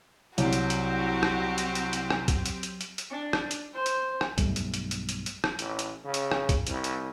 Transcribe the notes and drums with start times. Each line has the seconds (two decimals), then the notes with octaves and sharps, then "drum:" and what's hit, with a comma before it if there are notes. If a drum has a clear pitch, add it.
0.38 C2 F#3 C4 F#4 G4, drum: hi-hat
0.53 drum: hi-hat
0.70 drum: hi-hat
1.23 drum: rim click
1.58 drum: hi-hat
1.75 drum: hi-hat
1.93 drum: hi-hat
2.10 drum: rim click
2.28 drum: kick, hi-hat
2.46 drum: hi-hat
2.63 drum: hi-hat
2.81 drum: hi-hat
2.98 drum: hi-hat
3.10 D4
3.33 drum: rim click
3.51 drum: hi-hat
3.74 C5
3.86 drum: hi-hat
4.21 drum: rim click
4.38 B1 G2 G3 A3, drum: kick, hi-hat
4.56 drum: hi-hat
4.74 drum: hi-hat
4.91 drum: hi-hat
5.09 drum: hi-hat
5.26 drum: hi-hat
5.44 drum: rim click
5.59 A1, drum: hi-hat
5.79 drum: hi-hat
6.05 C#3
6.14 drum: hi-hat
6.31 drum: rim click
6.49 drum: kick, hi-hat
6.67 C2, drum: hi-hat
6.84 drum: hi-hat